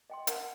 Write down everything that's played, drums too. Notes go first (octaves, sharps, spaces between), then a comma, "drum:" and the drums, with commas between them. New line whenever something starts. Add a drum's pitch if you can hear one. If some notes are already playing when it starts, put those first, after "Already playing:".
D#5 G5 C6
A#4 F#5, drum: hi-hat